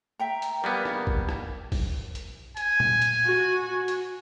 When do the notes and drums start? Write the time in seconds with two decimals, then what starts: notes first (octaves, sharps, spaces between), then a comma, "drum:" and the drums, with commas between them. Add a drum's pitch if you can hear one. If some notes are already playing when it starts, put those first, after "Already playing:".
0.19 E5 G5 A#5
0.42 drum: hi-hat
0.64 G3 A#3 B3 A#4
0.85 drum: rim click
1.07 drum: kick
1.29 drum: rim click
1.72 drum: kick, open hi-hat
2.15 drum: hi-hat
2.57 G#5, drum: hi-hat
2.80 drum: tom A#2
3.02 drum: hi-hat
3.25 F#4
3.88 drum: hi-hat